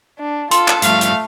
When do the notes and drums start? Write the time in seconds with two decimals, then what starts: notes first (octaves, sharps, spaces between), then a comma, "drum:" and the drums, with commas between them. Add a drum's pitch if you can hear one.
0.19 D4
0.51 F4 A4 C6, drum: hi-hat
0.68 drum: clap
0.82 G2 F3 A3 F5, drum: hi-hat
1.01 drum: hi-hat